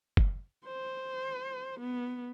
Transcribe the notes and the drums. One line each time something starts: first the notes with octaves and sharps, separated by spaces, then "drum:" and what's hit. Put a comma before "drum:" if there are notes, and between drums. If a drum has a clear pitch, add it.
drum: kick
C5
B3